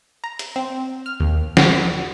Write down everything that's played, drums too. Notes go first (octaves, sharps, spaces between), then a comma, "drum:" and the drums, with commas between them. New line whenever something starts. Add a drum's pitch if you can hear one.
A#5
drum: hi-hat
C4
F6
D#2
F#4, drum: snare